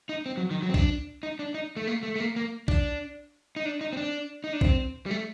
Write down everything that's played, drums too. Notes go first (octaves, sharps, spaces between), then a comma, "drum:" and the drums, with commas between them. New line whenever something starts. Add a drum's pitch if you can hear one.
D#4
C4
F#3
D#3
F#3
C4
D4, drum: kick
D#4
D4
D#4
A3
A#3
A3
A3
A#3
A#3
D4, drum: kick
D#4
D4
D#4
C4
D4
D#4
D4
C4, drum: kick
G3
A3